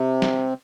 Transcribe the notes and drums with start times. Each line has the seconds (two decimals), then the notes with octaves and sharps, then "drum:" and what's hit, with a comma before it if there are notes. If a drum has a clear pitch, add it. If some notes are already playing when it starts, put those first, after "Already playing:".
Already playing: C3
0.22 drum: snare